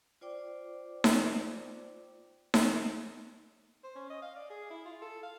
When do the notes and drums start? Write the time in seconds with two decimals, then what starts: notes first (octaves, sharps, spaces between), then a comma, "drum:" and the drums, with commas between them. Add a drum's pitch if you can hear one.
0.21 F4 C5 D5 G5 D6
1.04 drum: snare D#4
2.54 drum: snare D#4
3.84 C5
3.95 C#4
4.10 D#5
4.22 F5
4.36 D5
4.50 G#4
4.70 E4
4.85 F4
5.02 A4
5.23 F5